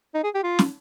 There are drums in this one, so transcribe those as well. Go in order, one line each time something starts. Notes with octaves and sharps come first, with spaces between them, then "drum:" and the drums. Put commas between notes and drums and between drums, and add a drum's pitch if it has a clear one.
D#4
G#4
G4
F4
drum: snare